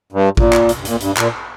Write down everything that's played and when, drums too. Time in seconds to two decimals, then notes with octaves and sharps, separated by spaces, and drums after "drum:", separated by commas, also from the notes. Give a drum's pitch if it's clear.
0.12 G2
0.37 A#2, drum: kick G#1
0.53 drum: clap
0.69 drum: hi-hat
0.80 G2
0.85 A#2, drum: hi-hat
1.00 G2, drum: hi-hat
1.17 A#2, drum: clap